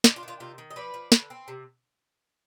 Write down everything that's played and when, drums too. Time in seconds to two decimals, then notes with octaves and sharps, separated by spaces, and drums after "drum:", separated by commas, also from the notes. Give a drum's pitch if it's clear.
0.04 D4 D#4, drum: snare
0.16 F4
0.23 D#3
0.28 F4
0.40 C3 F4
0.58 D#3
0.71 D#5
0.76 F3 B4 D5
0.94 F3
1.12 D3, drum: snare
1.30 C4
1.48 C3